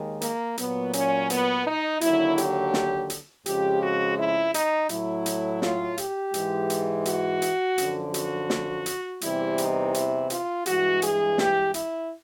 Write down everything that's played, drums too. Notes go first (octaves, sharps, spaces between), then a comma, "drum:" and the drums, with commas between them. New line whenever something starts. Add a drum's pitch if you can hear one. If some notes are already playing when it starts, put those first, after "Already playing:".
Already playing: D#2 D#3 G#3
A#3, drum: hi-hat
A#2 F#3 B3, drum: hi-hat
C#4, drum: hi-hat
B3, drum: hi-hat
D#4
D#2 D3 F#3 E4, drum: hi-hat
G4, drum: hi-hat
drum: snare
drum: hi-hat
F2 C#3 F3 G#3 G4, drum: hi-hat
F#4
E4
D#4, drum: hi-hat
A2 F#3 E4, drum: hi-hat
drum: hi-hat
F4, drum: snare
G4, drum: hi-hat
G#2 E3 G#3, drum: hi-hat
drum: hi-hat
F#4, drum: hi-hat
drum: hi-hat
F#2 D3 F3, drum: hi-hat
F#4, drum: hi-hat
drum: snare
drum: hi-hat
E2 C3 E3 G3 E4, drum: hi-hat
D#4, drum: hi-hat
E4, drum: hi-hat
F4, drum: hi-hat
G2 E3 G#3 F#4, drum: hi-hat
G#4, drum: hi-hat
G4, drum: snare
E4, drum: hi-hat